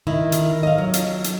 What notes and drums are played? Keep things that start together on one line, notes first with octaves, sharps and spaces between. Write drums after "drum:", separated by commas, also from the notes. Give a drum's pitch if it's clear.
D#3 E4
drum: hi-hat
D#5 F5
F#3
drum: hi-hat
drum: hi-hat